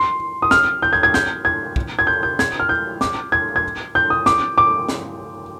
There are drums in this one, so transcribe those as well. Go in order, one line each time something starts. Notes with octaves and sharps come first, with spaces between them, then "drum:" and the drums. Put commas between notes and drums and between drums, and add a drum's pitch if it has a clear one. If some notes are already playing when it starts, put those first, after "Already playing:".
Already playing: C6
D#6
F6, drum: snare
G6
G#6
G#6
G6, drum: snare
G#6
drum: kick
G#6
G6
G6
G#6, drum: snare
F6
G6
D6, drum: snare
G#6
G#6
G6
D#6
D6, drum: snare
D6
drum: snare